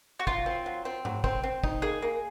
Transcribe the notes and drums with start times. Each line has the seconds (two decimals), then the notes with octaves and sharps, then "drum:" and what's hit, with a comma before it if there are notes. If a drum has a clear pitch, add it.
0.20 F#4
0.27 F#3 F4, drum: kick
0.46 C4
0.66 F#3
0.85 C4
1.05 F#3, drum: tom G#2
1.24 C4, drum: kick
1.44 C4
1.64 D#4, drum: kick
1.82 A#3 G#4
2.02 A#3